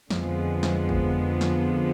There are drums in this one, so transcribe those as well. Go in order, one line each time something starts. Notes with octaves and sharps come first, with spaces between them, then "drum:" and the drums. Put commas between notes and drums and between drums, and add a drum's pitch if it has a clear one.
F2 D3 F3 G#3 B3, drum: snare
drum: snare
drum: kick
drum: snare